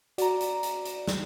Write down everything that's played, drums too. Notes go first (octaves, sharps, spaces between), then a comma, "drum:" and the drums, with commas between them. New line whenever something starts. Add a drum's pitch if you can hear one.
F#4 D5 A#5, drum: hi-hat
drum: hi-hat
drum: hi-hat
drum: hi-hat
drum: snare